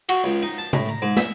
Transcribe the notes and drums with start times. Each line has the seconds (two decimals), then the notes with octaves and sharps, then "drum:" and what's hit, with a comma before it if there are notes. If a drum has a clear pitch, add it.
0.09 F#4, drum: cymbal
0.24 C#2
0.42 D#4
0.58 A5
0.73 A2, drum: tom C3
0.89 A#5
1.02 G#2
1.17 E5, drum: snare